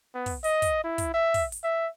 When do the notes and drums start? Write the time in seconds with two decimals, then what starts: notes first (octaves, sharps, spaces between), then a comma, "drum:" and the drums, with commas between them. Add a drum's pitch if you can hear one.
0.15 B3
0.26 drum: kick, open hi-hat
0.44 D#5, drum: hi-hat
0.62 drum: kick, hi-hat
0.84 E4
0.98 drum: kick, hi-hat
1.14 E5
1.34 drum: kick, open hi-hat
1.52 drum: hi-hat
1.64 E5